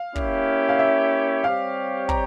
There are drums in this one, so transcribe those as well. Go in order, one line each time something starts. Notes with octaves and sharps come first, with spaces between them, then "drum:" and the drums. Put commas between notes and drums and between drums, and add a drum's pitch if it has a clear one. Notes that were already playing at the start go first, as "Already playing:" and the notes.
Already playing: F5
A#3 C#4 E4 G4 C#5, drum: kick
F5
E5
G3 C4 G4 C#5 F5
A#5, drum: kick